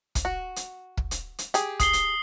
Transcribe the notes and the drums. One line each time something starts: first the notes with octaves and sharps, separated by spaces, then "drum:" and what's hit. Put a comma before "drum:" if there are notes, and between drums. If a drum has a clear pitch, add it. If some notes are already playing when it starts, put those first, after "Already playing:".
drum: kick, hi-hat
F#4
drum: hi-hat
drum: kick
drum: hi-hat
drum: hi-hat
G4 G#4, drum: hi-hat
D#6 C7 G7, drum: kick, hi-hat
drum: hi-hat